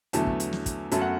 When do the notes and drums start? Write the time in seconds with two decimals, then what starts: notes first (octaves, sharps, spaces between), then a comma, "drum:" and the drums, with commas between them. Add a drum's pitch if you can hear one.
0.13 E2 D3 F#3 A3 A5, drum: hi-hat
0.27 drum: kick
0.40 drum: hi-hat
0.53 drum: snare
0.66 drum: kick, hi-hat
0.91 F#2 F#3 A3 A5, drum: hi-hat
1.02 F#5